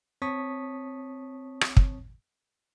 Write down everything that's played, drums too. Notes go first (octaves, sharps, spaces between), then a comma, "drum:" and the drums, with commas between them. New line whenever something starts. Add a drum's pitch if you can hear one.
C4 C#5 A5 C#6 D#6 B6
drum: rim click
drum: kick